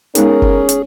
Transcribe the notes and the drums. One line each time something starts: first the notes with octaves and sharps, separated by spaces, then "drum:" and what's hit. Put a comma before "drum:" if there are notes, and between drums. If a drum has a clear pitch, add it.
G#3 B3 C#4 D#4 G#4 A#4, drum: hi-hat
drum: kick
drum: hi-hat